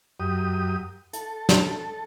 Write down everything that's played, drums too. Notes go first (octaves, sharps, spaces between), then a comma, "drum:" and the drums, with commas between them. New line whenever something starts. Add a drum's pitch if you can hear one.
F#2 G4 D#6
A4, drum: hi-hat
drum: snare